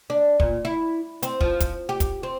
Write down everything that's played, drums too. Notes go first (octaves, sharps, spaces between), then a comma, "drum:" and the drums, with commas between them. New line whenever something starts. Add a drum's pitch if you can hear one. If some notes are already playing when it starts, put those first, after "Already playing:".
D4
A#2, drum: kick
E4
C4, drum: hi-hat
F3, drum: kick
drum: kick, hi-hat
G4
drum: kick, hi-hat
C4